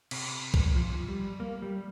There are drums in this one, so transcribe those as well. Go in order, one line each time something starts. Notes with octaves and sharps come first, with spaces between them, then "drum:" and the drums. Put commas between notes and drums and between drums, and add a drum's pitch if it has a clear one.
C3, drum: cymbal
drum: kick
F3
G3
A#3
G3